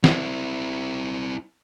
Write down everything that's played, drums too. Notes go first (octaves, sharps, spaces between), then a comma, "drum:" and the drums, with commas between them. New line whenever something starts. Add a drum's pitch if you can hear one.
C4 E4, drum: snare